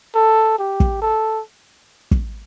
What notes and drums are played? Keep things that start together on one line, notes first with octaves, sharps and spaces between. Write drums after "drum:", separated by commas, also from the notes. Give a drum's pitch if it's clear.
A4
G4
drum: kick
A4
drum: kick